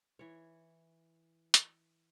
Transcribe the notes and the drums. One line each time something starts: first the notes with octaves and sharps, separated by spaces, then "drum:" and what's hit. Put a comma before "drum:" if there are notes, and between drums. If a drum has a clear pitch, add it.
E3 C#5
drum: hi-hat